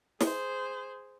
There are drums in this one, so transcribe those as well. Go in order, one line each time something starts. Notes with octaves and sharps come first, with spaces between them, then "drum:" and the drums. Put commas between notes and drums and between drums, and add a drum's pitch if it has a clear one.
G#4 C5, drum: snare